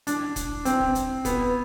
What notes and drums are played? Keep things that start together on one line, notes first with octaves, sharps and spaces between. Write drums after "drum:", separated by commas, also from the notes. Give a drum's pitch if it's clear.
D4, drum: hi-hat
drum: kick, hi-hat
C4, drum: hi-hat
drum: kick
drum: hi-hat
B3, drum: kick, hi-hat